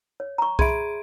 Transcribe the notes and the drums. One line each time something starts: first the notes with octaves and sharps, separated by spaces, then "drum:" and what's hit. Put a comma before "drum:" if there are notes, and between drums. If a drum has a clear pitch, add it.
C#5
A#5 C#6
G#4 E5 B5 C6 D7, drum: kick